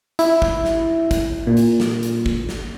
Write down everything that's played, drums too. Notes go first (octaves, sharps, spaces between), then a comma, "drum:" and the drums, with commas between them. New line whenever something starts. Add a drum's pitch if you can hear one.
E4, drum: hi-hat
drum: kick
drum: snare
drum: kick, hi-hat
A#2
drum: hi-hat
drum: snare
drum: hi-hat
drum: kick
drum: snare